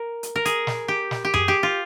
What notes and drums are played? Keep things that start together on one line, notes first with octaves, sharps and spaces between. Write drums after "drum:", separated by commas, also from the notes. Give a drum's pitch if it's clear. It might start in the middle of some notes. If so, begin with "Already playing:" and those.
Already playing: A#4
drum: hi-hat
A#4
G#4, drum: hi-hat
drum: snare
G4
drum: snare
G4
G#4, drum: tom F#2
G4
F4